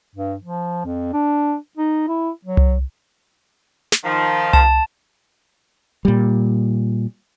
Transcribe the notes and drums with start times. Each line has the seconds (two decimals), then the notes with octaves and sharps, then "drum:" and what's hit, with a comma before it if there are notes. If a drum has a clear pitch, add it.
0.15 G2
0.44 F3
0.85 F2
1.13 D4
1.77 D#4
2.08 E4
2.45 F#3
2.57 drum: tom C2
3.92 drum: snare
4.04 D#3 F3 F4
4.53 A5, drum: tom C2
6.05 A#2 G3